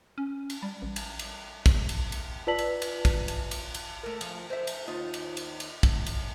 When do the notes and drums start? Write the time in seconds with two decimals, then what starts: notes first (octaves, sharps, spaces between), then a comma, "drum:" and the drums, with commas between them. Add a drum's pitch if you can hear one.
0.18 C#4
0.50 drum: cymbal
0.63 G3
0.82 A1
0.96 drum: cymbal
1.19 drum: cymbal
1.66 drum: kick, cymbal
1.89 drum: cymbal
2.12 drum: cymbal
2.47 F4 B4 D5 A5 B6 F#7
2.58 drum: cymbal
2.82 drum: cymbal
3.05 drum: kick, cymbal
3.28 drum: cymbal
3.51 drum: cymbal
3.74 drum: cymbal
4.03 A3 A#4
4.21 F3, drum: cymbal
4.50 C5 E5
4.67 drum: cymbal
4.87 D#2 D#4 F4
5.14 drum: cymbal
5.37 drum: cymbal
5.60 drum: cymbal
5.83 drum: kick, cymbal
5.93 F#2
6.06 drum: cymbal